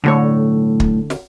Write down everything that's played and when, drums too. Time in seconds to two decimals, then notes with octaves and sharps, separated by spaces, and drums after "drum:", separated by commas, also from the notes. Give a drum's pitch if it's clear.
0.04 B1 A2 D3 C#5
0.80 drum: kick
1.10 drum: snare